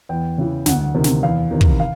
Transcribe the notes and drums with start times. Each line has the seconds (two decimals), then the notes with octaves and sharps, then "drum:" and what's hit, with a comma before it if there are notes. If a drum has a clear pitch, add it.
0.09 E2 G5
0.38 C#3 E3
0.66 D2 F#5, drum: snare
0.95 C3 D#3
1.04 drum: snare
1.23 E2 F5
1.51 C3 D#3
1.61 drum: kick
1.80 F5